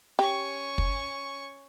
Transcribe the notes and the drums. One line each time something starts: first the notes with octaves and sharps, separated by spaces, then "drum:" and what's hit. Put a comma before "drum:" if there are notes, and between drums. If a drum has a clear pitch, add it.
C#4 G4 C#6
drum: kick